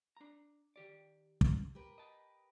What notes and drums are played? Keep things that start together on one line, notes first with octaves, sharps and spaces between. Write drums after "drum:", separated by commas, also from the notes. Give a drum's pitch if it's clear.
D4 A#5
D#3 G4 D5
drum: kick
G4 A#4 B4
D#5 A5